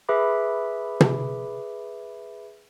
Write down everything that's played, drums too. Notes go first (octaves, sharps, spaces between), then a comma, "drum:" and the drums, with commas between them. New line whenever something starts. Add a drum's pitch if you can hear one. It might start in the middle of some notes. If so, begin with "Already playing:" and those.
G#4 B4 E5 B5 D6
drum: tom